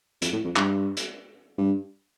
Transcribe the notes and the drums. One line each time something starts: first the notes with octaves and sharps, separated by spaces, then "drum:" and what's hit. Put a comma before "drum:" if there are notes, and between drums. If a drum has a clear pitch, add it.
F2, drum: hi-hat
A2
F2
G2, drum: clap
drum: hi-hat
G2